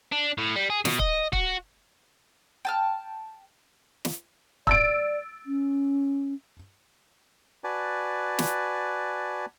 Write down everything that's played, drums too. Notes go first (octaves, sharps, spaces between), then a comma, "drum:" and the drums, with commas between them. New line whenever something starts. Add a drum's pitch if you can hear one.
D4
A2
G3
G#4
B2, drum: snare
D#5, drum: kick
F#4, drum: kick
G5 A5 F6
drum: snare
D5 E6 A6 D7, drum: kick
C#4
F#4 B4 D5 G#5 A5
drum: snare